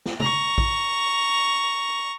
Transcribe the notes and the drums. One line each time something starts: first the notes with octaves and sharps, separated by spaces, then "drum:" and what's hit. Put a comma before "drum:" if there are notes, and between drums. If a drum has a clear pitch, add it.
drum: snare
A#5 C#6, drum: tom
drum: kick A#1